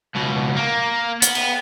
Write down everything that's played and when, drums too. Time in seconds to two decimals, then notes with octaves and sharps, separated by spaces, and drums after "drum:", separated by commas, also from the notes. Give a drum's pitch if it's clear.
0.15 C#2 B2
0.57 A#3
1.22 B3, drum: hi-hat
1.35 drum: cymbal